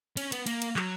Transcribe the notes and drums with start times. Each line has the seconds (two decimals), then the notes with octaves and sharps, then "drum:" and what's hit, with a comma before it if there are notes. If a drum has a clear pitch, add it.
0.17 C#4, drum: cymbal
0.32 B3, drum: cymbal
0.47 A#3, drum: cymbal
0.62 drum: cymbal
0.76 F#3, drum: clap